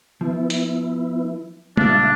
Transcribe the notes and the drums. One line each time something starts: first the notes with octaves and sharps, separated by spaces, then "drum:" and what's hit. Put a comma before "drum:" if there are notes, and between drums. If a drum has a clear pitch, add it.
F3 B3 E4
drum: hi-hat
C#2 A#2 G3 D4 E5 F5, drum: tom G#3